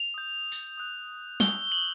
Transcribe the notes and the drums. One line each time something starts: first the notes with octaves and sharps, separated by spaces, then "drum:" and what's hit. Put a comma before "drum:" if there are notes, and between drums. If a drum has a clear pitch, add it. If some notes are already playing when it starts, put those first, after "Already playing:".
Already playing: F7
D#6 G6
drum: open hi-hat
D#6 F#6
C#6 E6 G6 G7, drum: snare
F#7